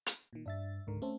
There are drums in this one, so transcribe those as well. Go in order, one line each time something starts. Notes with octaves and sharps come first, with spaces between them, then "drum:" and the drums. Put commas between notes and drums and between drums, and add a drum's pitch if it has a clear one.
drum: hi-hat
A#2 D#3
G2 D4 E5 A6
C#2 G#2 D3 A#4
A3 C4 C#4 A4